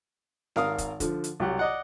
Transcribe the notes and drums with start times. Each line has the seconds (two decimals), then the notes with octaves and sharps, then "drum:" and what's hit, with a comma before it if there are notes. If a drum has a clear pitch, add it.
0.56 G#1 A#4 F5 D#6, drum: snare C4
0.78 drum: kick, hi-hat
1.00 D3 F3, drum: kick, hi-hat
1.24 drum: hi-hat
1.40 C2 F#3 G4 F#5
1.59 D5 D#5 F#5